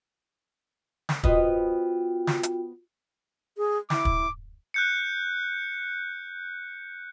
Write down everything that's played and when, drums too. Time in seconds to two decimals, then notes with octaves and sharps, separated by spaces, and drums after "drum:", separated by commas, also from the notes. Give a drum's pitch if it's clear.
1.09 drum: snare
1.24 B3 F4 F#4 C5 D#5 G5, drum: kick
2.27 drum: snare
2.43 drum: hi-hat
3.57 G#4
3.90 E4 D6, drum: snare
4.05 drum: kick
4.74 F#6 G6 C#7